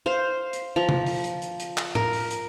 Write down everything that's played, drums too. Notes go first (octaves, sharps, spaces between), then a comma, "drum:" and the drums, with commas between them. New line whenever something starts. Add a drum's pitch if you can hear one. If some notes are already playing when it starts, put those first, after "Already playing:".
C5 F5
drum: hi-hat
F3 A#5
drum: tom
drum: open hi-hat
drum: hi-hat
drum: hi-hat
drum: hi-hat
drum: clap
A#4, drum: tom A2
drum: open hi-hat
drum: hi-hat